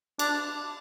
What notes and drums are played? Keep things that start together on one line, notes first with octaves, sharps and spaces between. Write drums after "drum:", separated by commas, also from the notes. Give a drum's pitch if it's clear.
D4, drum: cymbal